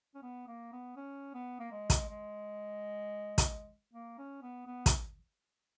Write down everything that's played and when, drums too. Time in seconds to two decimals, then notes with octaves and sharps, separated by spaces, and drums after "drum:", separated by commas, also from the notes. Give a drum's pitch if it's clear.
0.15 C#4
0.22 B3
0.47 A#3
0.72 B3
0.96 C#4
1.34 B3
1.60 A#3
1.72 G#3
1.90 drum: kick, hi-hat
2.09 G#3
3.38 drum: kick, hi-hat
3.93 A#3
4.18 C#4
4.42 B3
4.67 B3
4.86 drum: kick, hi-hat